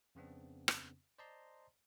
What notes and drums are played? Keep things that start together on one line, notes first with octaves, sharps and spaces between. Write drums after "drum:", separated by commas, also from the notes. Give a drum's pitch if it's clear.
F2 C#3 B3 C4 D4
drum: rim click
C5 D5 D#5 A5 A#5 C6